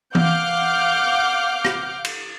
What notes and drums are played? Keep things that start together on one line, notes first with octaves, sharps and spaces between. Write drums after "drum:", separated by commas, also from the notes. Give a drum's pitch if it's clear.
F5 F#5 D6 F6 G6, drum: tom E3
drum: rim click
drum: cymbal